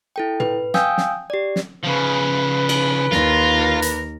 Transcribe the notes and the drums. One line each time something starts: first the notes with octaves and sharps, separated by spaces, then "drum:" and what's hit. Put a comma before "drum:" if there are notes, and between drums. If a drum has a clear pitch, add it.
E4 A4 G5
B4, drum: tom
F5 G5 G#5 D#6 E6 G6, drum: snare
drum: snare
G4 D5
drum: snare
C#3 F3 B4
drum: cymbal
D#2 F4 A#4, drum: snare
drum: hi-hat